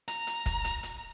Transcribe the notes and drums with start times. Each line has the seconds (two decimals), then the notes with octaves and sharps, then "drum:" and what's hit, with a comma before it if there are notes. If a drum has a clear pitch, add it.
0.08 A#5, drum: hi-hat
0.27 drum: hi-hat
0.46 drum: kick, hi-hat
0.64 drum: hi-hat
0.83 drum: hi-hat